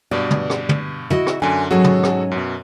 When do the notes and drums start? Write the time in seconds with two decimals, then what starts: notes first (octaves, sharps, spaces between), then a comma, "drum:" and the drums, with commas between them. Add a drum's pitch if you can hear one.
0.11 G2 B2 D5
0.31 drum: tom
0.50 drum: rim click
0.69 drum: tom
1.10 E4 F#4 D#5, drum: tom
1.27 drum: rim click
1.42 F#2 D3 G#5
1.71 G#2 F#3 C#4 F#4 G#4 A4
1.84 drum: tom
2.03 drum: rim click
2.31 F#2 B2